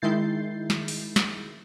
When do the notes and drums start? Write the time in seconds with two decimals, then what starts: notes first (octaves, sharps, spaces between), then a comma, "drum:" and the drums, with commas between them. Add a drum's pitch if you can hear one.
0.02 D#3 G#3 E4 G6 A6 C7
0.70 drum: snare
0.88 drum: open hi-hat
1.16 drum: snare